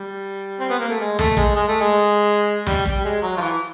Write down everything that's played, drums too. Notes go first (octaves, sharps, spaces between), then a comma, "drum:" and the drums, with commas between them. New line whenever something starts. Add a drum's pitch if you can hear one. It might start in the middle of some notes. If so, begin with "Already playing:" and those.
Already playing: G3
C4
B3
A#3
A3
G#3
A3, drum: tom D#2
G#3, drum: kick
G#3
A3
G#3
G3, drum: tom D#2
G3, drum: kick
G#3
F#3
F3
E3